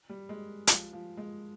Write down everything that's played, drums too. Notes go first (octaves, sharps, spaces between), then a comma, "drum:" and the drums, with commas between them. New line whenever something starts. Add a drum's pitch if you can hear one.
G3
G#3
F3, drum: hi-hat
F3
G#3